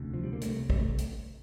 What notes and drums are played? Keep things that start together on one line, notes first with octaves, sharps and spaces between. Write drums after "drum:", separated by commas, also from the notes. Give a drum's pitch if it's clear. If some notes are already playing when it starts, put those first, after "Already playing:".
Already playing: E1 D2 C3
F3
G3
A#3
C2 C3 A3, drum: hi-hat
G3, drum: kick
A3
drum: hi-hat